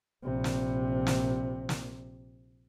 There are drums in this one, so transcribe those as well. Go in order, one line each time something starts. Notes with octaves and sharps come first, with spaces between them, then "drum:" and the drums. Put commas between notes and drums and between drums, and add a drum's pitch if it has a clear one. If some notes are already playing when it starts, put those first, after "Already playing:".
A#1 C3
drum: snare
drum: snare
drum: snare